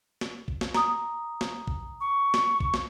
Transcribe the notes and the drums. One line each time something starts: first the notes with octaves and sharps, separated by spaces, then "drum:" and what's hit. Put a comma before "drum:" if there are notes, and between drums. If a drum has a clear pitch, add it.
drum: snare
drum: kick
drum: snare
A#5 D#6, drum: snare
drum: snare
drum: kick
C#6
drum: snare
drum: kick
drum: snare